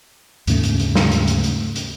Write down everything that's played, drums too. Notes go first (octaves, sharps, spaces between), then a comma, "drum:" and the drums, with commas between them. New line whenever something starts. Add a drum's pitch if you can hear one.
D#2 G#2 C#3 A3, drum: hi-hat
drum: hi-hat
drum: hi-hat
drum: snare
drum: hi-hat
drum: hi-hat
drum: hi-hat
drum: hi-hat